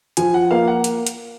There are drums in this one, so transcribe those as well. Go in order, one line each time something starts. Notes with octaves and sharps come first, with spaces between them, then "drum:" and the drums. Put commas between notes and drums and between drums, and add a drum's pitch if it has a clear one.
F3 G#5, drum: hi-hat
F#5
A#3 F5
F#5
drum: hi-hat
drum: hi-hat